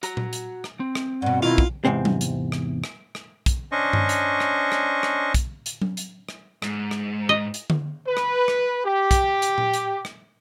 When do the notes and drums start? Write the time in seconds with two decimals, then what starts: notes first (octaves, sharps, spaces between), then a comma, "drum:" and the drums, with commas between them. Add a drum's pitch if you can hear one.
0.03 F#4 A#5, drum: hi-hat
0.17 drum: tom A#2
0.33 drum: hi-hat
0.64 drum: rim click
0.80 C4
0.95 drum: rim click
1.22 G2 B2 F#5
1.42 B2 D#3 E4 F4
1.58 drum: kick
1.85 E2 G#2 C3 C4
2.05 drum: tom F#3
2.21 drum: hi-hat
2.52 drum: rim click
2.84 drum: rim click
3.15 drum: rim click
3.46 drum: kick, hi-hat
3.72 C#4 D4 C5 D#5 C#6
3.93 drum: tom G2
4.09 drum: hi-hat
4.40 drum: rim click
4.72 drum: rim click
5.03 drum: rim click
5.34 drum: kick, hi-hat
5.66 drum: hi-hat
5.81 drum: tom F#3
5.97 drum: hi-hat
6.29 drum: rim click
6.62 G#2, drum: rim click
6.91 drum: rim click
7.29 D#5
7.54 drum: hi-hat
7.70 drum: tom D3
8.05 B4
8.17 drum: rim click
8.48 drum: rim click
8.85 G4
9.11 drum: kick, hi-hat
9.42 drum: hi-hat
9.58 drum: tom A#2
9.73 drum: hi-hat
10.05 drum: rim click